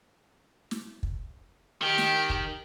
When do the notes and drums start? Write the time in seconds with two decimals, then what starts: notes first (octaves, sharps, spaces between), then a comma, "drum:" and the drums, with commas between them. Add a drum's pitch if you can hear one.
0.71 drum: snare
1.03 drum: kick
1.82 D#3 G4
1.98 drum: snare
2.30 drum: kick